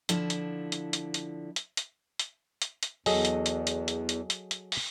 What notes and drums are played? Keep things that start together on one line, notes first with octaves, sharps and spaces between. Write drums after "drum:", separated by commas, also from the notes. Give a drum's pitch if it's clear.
D3 F3 E4, drum: hi-hat
drum: hi-hat
drum: hi-hat
drum: hi-hat
drum: hi-hat
drum: hi-hat
drum: hi-hat
drum: hi-hat
drum: hi-hat
drum: hi-hat
E2 F#3 G#4 A4 D#5, drum: open hi-hat
drum: hi-hat
drum: hi-hat
drum: hi-hat
drum: hi-hat
drum: hi-hat
drum: hi-hat
drum: hi-hat
drum: open hi-hat